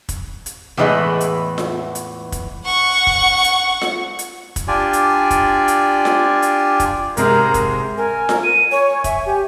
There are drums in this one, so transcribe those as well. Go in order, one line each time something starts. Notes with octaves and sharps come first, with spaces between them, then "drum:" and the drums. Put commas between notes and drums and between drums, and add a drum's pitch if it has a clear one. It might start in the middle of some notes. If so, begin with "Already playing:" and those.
drum: kick, hi-hat
drum: hi-hat
E2 A2 E3 G#3 E4
drum: hi-hat
drum: snare F4
drum: hi-hat
drum: kick, hi-hat
F#5 C#6
drum: kick
drum: hi-hat
drum: snare F4
drum: hi-hat
drum: kick, hi-hat
D4 F4 G4 D5 G#5
drum: hi-hat
drum: kick, hi-hat
drum: hi-hat
drum: snare F4
drum: hi-hat
drum: kick, hi-hat
G#2 C3 G#3 A#4, drum: hi-hat
drum: kick, hi-hat
A#4 G#5
drum: snare F4
D#7
C#5 G#5
E5, drum: kick, hi-hat
G4